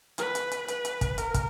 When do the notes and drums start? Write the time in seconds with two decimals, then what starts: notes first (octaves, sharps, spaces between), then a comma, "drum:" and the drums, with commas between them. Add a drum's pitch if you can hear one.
0.18 B4, drum: hi-hat
0.35 drum: hi-hat
0.51 drum: hi-hat
0.68 B4, drum: hi-hat
0.85 drum: hi-hat
1.01 drum: kick, hi-hat
1.18 A#4, drum: hi-hat
1.34 drum: kick, hi-hat